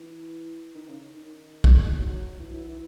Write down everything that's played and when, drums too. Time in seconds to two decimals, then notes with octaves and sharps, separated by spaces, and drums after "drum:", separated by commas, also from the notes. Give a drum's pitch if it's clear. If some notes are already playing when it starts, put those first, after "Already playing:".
Already playing: E3
0.75 D#3
0.88 C#3
1.16 D#3
1.64 drum: kick
1.99 F#3
2.40 E3
2.53 E3
2.68 E3